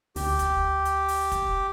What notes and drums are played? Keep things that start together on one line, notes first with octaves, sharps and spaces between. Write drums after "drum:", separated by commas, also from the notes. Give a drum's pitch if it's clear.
D2 G4, drum: open hi-hat
drum: kick, hi-hat
drum: hi-hat
drum: open hi-hat
drum: kick, hi-hat